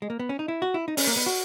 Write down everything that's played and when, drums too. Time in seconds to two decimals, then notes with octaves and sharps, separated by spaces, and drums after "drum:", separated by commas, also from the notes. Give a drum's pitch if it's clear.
0.02 G#3
0.10 A#3
0.19 B3
0.29 C#4
0.39 D#4
0.48 E4
0.62 F#4
0.74 E4
0.88 D#4
0.97 C#4, drum: open hi-hat
1.07 A#3
1.17 B3
1.26 F#4